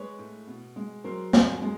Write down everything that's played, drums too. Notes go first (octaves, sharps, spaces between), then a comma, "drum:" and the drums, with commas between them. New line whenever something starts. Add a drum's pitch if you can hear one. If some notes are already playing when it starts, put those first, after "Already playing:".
Already playing: G#3 B4 C#5
A2
B2
G#3
F#3 A#4 C5
F2, drum: snare
G#3